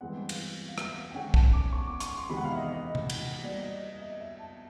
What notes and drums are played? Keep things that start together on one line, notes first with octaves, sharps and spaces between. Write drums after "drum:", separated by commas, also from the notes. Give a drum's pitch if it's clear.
G2 E3 G#3 C4 F#5
F5, drum: cymbal
F5
E5, drum: rim click
F5
G5
D#3 G#3 C#4 F#5
A5, drum: kick B1
D6
C#6
D6
C#6, drum: hi-hat
C6
E2 C3 D#3 G#3 B5
F#5
F5
E5
D#5
D#5
drum: tom C3
drum: cymbal
B2 G3 A#3 D5
D#5
D#5
E5
E5
A5